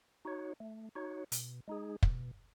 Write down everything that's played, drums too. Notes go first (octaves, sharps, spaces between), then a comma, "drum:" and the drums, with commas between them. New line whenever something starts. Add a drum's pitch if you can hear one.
D#4 F#4 C#5
A3
D#4 F#4 C#5
B2, drum: hi-hat
G#3 D#4 G#4
B2, drum: kick